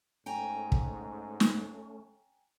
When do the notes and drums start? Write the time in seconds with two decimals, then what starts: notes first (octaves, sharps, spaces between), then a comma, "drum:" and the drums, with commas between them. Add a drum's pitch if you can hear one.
0.26 G#2 A3 C#4 G5 G#5 A#5
0.72 drum: kick
1.40 drum: snare